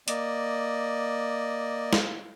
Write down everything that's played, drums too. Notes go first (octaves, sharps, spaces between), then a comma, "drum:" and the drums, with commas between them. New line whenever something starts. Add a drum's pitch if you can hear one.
A#3 D5 D#5, drum: hi-hat
drum: snare